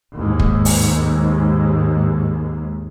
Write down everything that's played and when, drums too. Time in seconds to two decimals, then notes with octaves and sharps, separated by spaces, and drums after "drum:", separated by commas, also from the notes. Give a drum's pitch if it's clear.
0.14 D#2 G#2
0.40 drum: kick
0.65 drum: open hi-hat